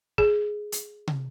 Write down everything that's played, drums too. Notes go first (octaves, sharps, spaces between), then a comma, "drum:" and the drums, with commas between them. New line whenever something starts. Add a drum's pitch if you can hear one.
G#4, drum: kick
drum: hi-hat
drum: tom